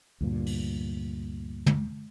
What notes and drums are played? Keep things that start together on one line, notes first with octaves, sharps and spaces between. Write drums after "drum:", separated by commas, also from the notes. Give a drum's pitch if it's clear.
D2 G2 A#2
drum: open hi-hat
drum: tom